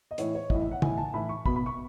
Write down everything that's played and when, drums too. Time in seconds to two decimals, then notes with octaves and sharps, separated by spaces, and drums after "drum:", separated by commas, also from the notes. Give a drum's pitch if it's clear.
0.11 D#5
0.18 A2 E3 C#5, drum: hi-hat
0.35 C#5
0.50 A2 E3 D#5, drum: kick
0.61 E5
0.71 F#5
0.82 A2 E3 G#5, drum: tom
0.98 A5
1.14 A2 E3 B5
1.29 C#6
1.46 B2 B5, drum: kick
1.56 B5
1.66 C#6